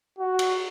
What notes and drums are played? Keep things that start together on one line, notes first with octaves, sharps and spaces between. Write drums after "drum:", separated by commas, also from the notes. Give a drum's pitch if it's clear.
F#4
drum: cymbal